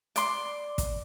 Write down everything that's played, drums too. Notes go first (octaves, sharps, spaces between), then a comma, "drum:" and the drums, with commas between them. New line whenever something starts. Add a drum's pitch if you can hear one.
D5 C6 D6, drum: hi-hat
drum: kick, hi-hat